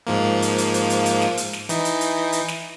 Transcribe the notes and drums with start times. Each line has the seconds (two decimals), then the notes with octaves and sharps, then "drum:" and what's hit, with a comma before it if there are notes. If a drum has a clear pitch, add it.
0.07 G#2 F3 A#3
0.42 drum: hi-hat
0.58 drum: hi-hat
0.74 drum: hi-hat
0.90 drum: hi-hat
1.06 drum: hi-hat
1.22 drum: snare
1.37 drum: hi-hat
1.53 drum: snare
1.69 E3 D#4, drum: hi-hat
1.85 drum: hi-hat
2.01 drum: hi-hat
2.32 drum: hi-hat
2.48 drum: snare